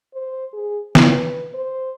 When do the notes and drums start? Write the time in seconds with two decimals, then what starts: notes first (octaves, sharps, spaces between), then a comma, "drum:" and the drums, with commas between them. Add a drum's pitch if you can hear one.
0.14 C5
0.53 G#4
0.95 B4, drum: snare
1.54 C5